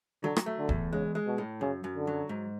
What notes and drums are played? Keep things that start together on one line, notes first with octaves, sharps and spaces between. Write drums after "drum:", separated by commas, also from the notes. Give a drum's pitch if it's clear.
D3 F#3
drum: rim click
A3
D3
E2, drum: kick
C#3 G#3
G#3
B2
A2
F#2 C#3
F#2
D3
F#3
G#2